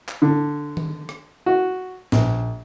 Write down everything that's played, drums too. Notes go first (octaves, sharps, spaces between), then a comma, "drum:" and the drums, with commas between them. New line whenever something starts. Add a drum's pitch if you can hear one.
drum: clap
D3
drum: tom D#3
drum: rim click
F#4
A#1, drum: snare